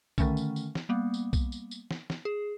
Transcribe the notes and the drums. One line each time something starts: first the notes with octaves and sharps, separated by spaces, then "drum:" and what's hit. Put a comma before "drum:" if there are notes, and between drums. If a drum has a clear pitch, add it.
D3 D#3 A3 C#4, drum: kick B1, tambourine
drum: tambourine
drum: tambourine
drum: snare
G3 A#3 B3
drum: tambourine
drum: kick B1, tambourine
drum: tambourine
drum: tambourine
drum: snare
drum: snare
G#4